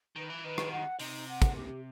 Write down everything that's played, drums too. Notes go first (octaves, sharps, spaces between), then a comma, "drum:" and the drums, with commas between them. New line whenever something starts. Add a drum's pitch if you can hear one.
D#3 B4
E3
D#3 B4
drum: rim click
F#5
C3 D#4, drum: open hi-hat
F#5
drum: kick, hi-hat
G4